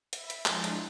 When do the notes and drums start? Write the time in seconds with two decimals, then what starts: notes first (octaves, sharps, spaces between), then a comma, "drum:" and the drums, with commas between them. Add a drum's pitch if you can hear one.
0.13 E5 B5, drum: hi-hat
0.30 drum: hi-hat
0.46 F3 G#3 D4 E4, drum: clap
0.64 drum: hi-hat